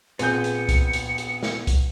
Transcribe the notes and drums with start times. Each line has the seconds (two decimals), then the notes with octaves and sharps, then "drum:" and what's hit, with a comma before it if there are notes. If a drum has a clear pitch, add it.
0.19 A#1 B3 C4 G#4 G6 C#7, drum: hi-hat
0.44 drum: hi-hat
0.69 drum: kick C2, hi-hat
0.93 drum: hi-hat
1.18 drum: hi-hat
1.43 drum: snare
1.67 drum: kick C2, hi-hat